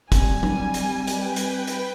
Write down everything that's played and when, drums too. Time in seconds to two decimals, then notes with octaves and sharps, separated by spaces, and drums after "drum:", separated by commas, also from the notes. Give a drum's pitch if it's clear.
0.12 G3 C4 G#5, drum: kick, hi-hat
0.43 drum: tom F#3
0.74 drum: hi-hat
1.07 B4 G5, drum: hi-hat
1.36 drum: hi-hat
1.67 drum: hi-hat